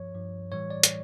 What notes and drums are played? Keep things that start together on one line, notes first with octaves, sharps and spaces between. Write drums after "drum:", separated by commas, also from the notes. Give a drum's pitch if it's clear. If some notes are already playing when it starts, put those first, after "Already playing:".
Already playing: G2 F3 C#5
G2 F3
A2 E3 G3 C#5
D5
drum: hi-hat